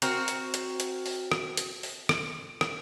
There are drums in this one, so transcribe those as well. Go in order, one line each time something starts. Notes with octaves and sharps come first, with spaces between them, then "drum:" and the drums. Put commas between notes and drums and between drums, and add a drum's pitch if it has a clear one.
C4 F#4 A#4, drum: hi-hat
drum: hi-hat
drum: hi-hat
drum: hi-hat
drum: open hi-hat
drum: rim click
drum: hi-hat
drum: open hi-hat
drum: rim click
drum: rim click